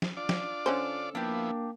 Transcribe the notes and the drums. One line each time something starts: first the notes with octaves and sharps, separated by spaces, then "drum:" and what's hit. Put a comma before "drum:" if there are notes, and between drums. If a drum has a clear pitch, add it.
drum: snare
D4 F4 D5
drum: snare
D3 C#4 A4 C5
F3 A#3 B3 D4 E4 G4